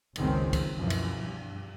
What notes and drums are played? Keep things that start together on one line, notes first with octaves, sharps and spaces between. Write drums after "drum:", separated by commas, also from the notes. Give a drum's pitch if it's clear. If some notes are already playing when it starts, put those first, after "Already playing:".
F#1 C#2 D#3 C4, drum: cymbal
drum: kick C#2, cymbal
F#2 B2 E3 F3
drum: cymbal
G2